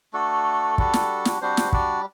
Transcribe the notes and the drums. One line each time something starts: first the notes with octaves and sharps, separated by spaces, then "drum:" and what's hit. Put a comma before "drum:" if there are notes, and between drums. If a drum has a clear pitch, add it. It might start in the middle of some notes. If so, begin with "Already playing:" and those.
A3 D4 F#4 A4
G3 D4 F#4, drum: kick
drum: snare
drum: snare
G3 C4 D4 F#4 C5
drum: snare
D4 D5, drum: kick